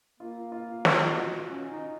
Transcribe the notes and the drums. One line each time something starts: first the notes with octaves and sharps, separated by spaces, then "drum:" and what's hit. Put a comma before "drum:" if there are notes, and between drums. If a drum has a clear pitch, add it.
A#3 F4
F4
F4, drum: snare
D#4
F4
F#4
C#4
D#4